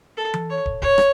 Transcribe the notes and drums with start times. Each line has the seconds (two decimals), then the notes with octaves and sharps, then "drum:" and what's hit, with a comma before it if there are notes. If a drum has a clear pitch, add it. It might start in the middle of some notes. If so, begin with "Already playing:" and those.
0.17 A4
0.34 drum: tom E3
0.50 C#5
0.66 drum: kick
0.82 C#5, drum: kick
0.98 drum: rim click